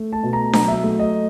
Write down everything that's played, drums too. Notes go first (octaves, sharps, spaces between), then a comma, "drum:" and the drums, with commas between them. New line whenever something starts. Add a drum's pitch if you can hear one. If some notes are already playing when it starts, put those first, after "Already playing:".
Already playing: A3
A5
B2
A#5
F#3 A#5, drum: snare D4
E5
A3
D#5